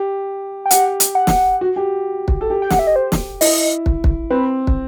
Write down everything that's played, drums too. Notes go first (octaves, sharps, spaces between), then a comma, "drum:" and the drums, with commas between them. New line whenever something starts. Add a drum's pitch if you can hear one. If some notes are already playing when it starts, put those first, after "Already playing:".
Already playing: G4
G5
G4 F#5, drum: hi-hat
drum: hi-hat
F#5
drum: snare
F#4
G4
drum: kick
A4
G4
G5
F#5, drum: snare
E5
D#5
C5
drum: snare
E4 D#5, drum: open hi-hat
drum: kick
drum: kick
C4 B4
drum: kick